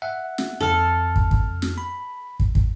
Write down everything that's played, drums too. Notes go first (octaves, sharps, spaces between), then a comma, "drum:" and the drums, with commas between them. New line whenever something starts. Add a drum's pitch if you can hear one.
E5 F#5
drum: snare
F2 A4 F6
drum: kick
drum: kick
drum: snare
B5
drum: kick
drum: kick